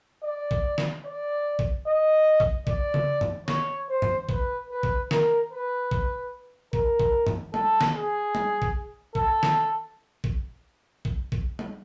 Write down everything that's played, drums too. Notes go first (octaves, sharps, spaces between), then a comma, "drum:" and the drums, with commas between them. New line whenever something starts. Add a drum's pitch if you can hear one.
D5
drum: kick
drum: snare
D5
drum: kick
D#5
drum: kick
D5, drum: kick
drum: tom C#3
drum: tom G2
C#5, drum: snare
C5
drum: tom G2
B4, drum: kick
B4
drum: kick
A#4, drum: snare
B4
drum: kick
A#4, drum: kick
drum: kick
drum: tom G2
A4, drum: tom
drum: snare
G#4
drum: tom
drum: kick
A4, drum: kick
drum: snare
drum: kick
drum: kick
drum: kick
drum: tom